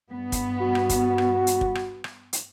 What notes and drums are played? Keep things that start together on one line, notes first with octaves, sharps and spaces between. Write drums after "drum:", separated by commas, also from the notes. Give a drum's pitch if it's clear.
G2 B3
drum: kick, hi-hat
F#4
drum: rim click
drum: kick, hi-hat
drum: rim click
drum: hi-hat
drum: kick
drum: rim click
drum: rim click
drum: hi-hat